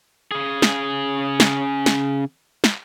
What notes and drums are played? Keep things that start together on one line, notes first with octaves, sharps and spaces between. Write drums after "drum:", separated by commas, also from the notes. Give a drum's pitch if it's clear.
C#3 G#4
drum: snare
drum: snare
drum: snare
drum: snare